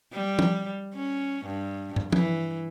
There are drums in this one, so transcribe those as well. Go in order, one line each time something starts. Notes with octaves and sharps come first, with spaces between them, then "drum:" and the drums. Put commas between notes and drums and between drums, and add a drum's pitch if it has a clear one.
G3
drum: tom
C#4
G2
drum: tom
E3, drum: tom